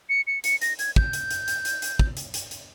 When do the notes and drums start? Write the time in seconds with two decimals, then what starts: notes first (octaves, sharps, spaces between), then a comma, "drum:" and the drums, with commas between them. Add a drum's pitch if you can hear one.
0.09 C#7
0.27 C#7
0.44 C#7, drum: hi-hat
0.62 A#6, drum: hi-hat
0.79 G#6, drum: hi-hat
0.96 G6, drum: kick
1.13 drum: hi-hat
1.31 drum: hi-hat
1.48 drum: hi-hat
1.65 drum: hi-hat
1.82 drum: hi-hat
1.99 drum: kick
2.17 drum: hi-hat
2.34 drum: hi-hat
2.51 drum: hi-hat